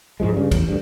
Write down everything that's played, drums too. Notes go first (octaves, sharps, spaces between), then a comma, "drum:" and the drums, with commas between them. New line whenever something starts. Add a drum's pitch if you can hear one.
G#2 D3 F3 G#3
G2 C#3
A1 E2, drum: kick, cymbal
D2 G2